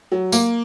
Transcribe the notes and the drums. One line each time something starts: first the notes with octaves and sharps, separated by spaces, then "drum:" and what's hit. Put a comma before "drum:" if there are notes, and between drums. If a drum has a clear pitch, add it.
F#3
A#3, drum: tambourine